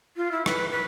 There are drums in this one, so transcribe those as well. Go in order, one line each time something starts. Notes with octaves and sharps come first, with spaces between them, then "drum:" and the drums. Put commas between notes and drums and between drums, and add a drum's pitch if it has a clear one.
F4
E4
B4, drum: rim click
B4